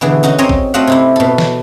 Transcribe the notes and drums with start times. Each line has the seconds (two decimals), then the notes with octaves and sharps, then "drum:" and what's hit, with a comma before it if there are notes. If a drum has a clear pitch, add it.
0.01 B2 D3 E3 G#4
0.23 C#4 D#4 F#4 D#5
0.38 C4 C#4 C#5 D#5 A#5
0.49 drum: kick
0.74 A3 C4 F#4 D#5 F5 F#5
0.87 C3 D#4 E4
1.16 B2 A4
1.38 drum: snare